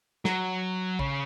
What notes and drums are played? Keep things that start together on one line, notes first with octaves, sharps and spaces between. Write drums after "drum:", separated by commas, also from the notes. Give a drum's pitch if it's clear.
F#3, drum: snare
C#3, drum: kick A#1